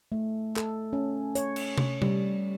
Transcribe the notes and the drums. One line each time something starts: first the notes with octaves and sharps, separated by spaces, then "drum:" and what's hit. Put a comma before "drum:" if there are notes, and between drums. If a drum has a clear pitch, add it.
A3
A4, drum: clap
C#4
C#5, drum: hi-hat
drum: cymbal
drum: tom C3
G3, drum: tom C3